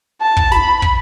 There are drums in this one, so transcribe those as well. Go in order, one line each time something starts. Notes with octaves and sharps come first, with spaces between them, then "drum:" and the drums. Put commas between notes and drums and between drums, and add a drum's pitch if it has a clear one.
A5
drum: kick
B5, drum: snare
drum: kick